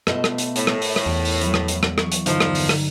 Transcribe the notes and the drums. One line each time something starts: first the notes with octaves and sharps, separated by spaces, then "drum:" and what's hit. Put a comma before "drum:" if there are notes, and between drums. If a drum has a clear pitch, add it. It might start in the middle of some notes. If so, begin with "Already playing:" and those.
B2 A3 F4 D#5 E5, drum: rim click
drum: rim click
drum: hi-hat
A2, drum: hi-hat
drum: rim click
drum: open hi-hat
drum: rim click
E2 G5
drum: open hi-hat
F3 F#3, drum: hi-hat
drum: rim click
drum: hi-hat
drum: rim click
C#6, drum: rim click
drum: hi-hat
G2 D3 F3 D#4, drum: hi-hat
drum: rim click
drum: open hi-hat
drum: rim click